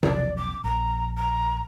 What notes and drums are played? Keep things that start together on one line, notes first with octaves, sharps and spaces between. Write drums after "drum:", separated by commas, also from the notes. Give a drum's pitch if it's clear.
E1 B1 F3 D5, drum: tom C3
D6
A#1 A#5
A#5